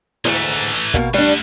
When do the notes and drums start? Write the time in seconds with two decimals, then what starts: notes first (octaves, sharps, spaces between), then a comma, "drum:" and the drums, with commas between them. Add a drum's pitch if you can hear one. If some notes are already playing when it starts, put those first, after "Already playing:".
0.25 D2 G#2 E3 A3, drum: snare E4
0.73 drum: hi-hat
0.94 B2 A#3, drum: kick
1.14 G3 A3 D4 F#5